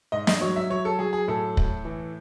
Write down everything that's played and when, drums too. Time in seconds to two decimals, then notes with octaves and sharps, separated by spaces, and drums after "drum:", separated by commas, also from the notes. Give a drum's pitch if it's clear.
0.12 G#2 D#5
0.27 D#5, drum: snare
0.41 F#3 C#5
0.56 E5
0.70 F#3 C#5
0.85 A4
0.99 F#3 G#4
1.13 G#4
1.28 A2 A4
1.57 A2, drum: kick
1.85 E3